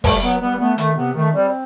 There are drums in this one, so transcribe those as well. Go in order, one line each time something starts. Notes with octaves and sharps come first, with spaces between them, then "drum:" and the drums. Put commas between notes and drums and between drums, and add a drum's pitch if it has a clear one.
G3 A3, drum: kick, open hi-hat
F#3 B3
G3 B3
A3 B3
D#3 A3, drum: hi-hat
C3 B3
D#3 A3
G3 C4